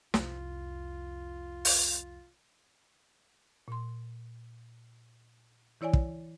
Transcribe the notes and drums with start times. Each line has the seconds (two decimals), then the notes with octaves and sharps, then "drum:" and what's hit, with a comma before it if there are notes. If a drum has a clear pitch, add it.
0.14 C2 F2 F4, drum: snare
1.65 drum: open hi-hat
3.68 A#2 C6
5.81 E3 E4 C#5 D5 G#5
5.93 drum: kick